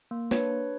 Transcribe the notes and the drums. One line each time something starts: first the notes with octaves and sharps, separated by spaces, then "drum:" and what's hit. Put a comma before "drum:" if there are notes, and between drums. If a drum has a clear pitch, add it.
A#3
D4 B4 C#5, drum: snare
D4